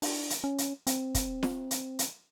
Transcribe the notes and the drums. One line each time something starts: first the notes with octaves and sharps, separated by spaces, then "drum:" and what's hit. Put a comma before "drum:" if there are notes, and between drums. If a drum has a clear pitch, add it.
D4, drum: open hi-hat
drum: hi-hat
C#4
drum: hi-hat
C4, drum: hi-hat
drum: kick, hi-hat
drum: snare
drum: hi-hat
drum: hi-hat